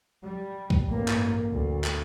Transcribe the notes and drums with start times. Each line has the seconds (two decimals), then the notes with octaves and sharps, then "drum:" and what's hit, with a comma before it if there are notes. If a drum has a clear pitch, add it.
0.24 G3
0.70 drum: kick
0.89 A1 G2 A#3
1.08 drum: clap
1.55 D2
1.84 drum: clap